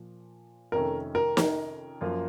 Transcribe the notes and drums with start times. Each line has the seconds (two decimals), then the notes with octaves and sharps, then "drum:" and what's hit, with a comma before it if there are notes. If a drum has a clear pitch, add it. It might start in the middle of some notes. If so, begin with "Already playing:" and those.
Already playing: A#2 F3
0.72 F2 C3 D#3 A3 C#4 A#4
1.15 A#4
1.37 A#4, drum: snare
2.01 F#2 F3 A#3 F4